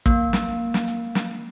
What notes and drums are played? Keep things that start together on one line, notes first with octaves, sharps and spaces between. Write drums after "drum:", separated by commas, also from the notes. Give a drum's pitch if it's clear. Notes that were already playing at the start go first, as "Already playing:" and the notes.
A#3, drum: kick, hi-hat
drum: snare
drum: snare
drum: hi-hat
drum: snare